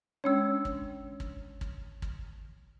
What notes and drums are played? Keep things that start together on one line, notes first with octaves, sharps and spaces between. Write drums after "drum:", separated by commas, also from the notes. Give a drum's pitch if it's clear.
G#3 C#4 D4 C#5 E6
drum: kick
drum: kick
drum: kick
drum: kick